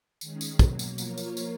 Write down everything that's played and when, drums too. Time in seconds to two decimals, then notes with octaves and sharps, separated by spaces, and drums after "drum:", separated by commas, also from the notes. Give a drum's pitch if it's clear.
0.21 D#3 G#3 C#4 G#4, drum: tambourine
0.41 drum: tambourine
0.59 B2 F#3 A#3, drum: kick, tambourine
0.79 drum: tambourine
0.98 F3 A#3 F4 A#4 C#5, drum: tambourine
1.18 drum: tambourine
1.37 drum: tambourine